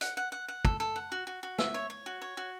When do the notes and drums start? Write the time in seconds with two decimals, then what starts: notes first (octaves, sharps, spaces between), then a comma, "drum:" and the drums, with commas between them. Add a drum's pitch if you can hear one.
0.01 F#5, drum: hi-hat
0.17 F#5
0.32 F#5
0.48 F#5
0.65 A4, drum: kick
0.80 A4
0.96 F#5
1.12 F#4
1.27 F#4
1.43 F#4
1.58 E5, drum: snare
1.74 C#5
1.90 C#5
2.06 F#4
2.22 C#5
2.37 F#4